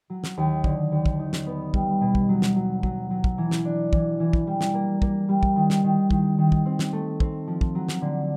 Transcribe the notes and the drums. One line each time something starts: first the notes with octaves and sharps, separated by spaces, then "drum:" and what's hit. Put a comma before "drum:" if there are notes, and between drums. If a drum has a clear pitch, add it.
F#3
drum: snare
D#2
D3, drum: kick
D#2
drum: kick
D#4
drum: snare
B3
G3, drum: kick
B2
drum: kick
F#3
drum: snare
F#3
F#3, drum: kick
F#3
drum: kick
E3
drum: snare
D4
E3, drum: kick
E3
drum: kick
G3
drum: snare
A#3
A#3, drum: kick
G3
drum: kick
D#3
drum: snare
D#3
D#3, drum: kick
D#3
drum: kick
C4
drum: snare
A3
C4, drum: kick
F3
drum: kick
F#3
drum: snare
D3